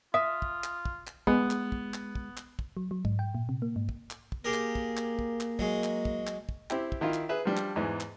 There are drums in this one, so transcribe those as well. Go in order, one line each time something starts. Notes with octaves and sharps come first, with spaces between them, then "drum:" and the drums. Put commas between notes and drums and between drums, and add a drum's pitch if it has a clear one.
F4 E5 D#6
drum: kick
drum: clap
drum: kick
drum: clap
G#3 B3, drum: kick
drum: clap
drum: kick
drum: clap
drum: kick
drum: clap
drum: kick
F#3
F#3
G#2, drum: kick
G5
A#2
C3
A#3
G#2
drum: kick
drum: clap
drum: kick
A#3 G4 G#4 A#4
drum: clap
drum: kick
drum: clap
drum: kick
drum: clap
F#3 G#3, drum: kick
drum: clap
drum: kick
drum: clap
drum: kick
C4 E4 G4, drum: clap
drum: kick
D#3 E4 F4
drum: clap
G#4 B4 E5
F3 G3 D4
drum: clap
E2 G#2 E3
drum: clap